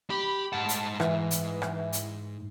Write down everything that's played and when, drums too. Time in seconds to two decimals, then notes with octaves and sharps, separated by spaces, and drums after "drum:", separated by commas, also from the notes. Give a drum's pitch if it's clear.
0.10 G4 B5
0.53 G#2 F#5 A5
0.69 drum: hi-hat
1.00 E3, drum: rim click
1.31 drum: hi-hat
1.62 drum: rim click
1.93 drum: hi-hat